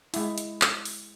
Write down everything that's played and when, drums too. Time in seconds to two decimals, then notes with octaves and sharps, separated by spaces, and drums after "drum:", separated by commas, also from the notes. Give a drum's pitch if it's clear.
0.14 G#3 E4, drum: open hi-hat
0.38 drum: hi-hat
0.62 drum: clap
0.85 drum: open hi-hat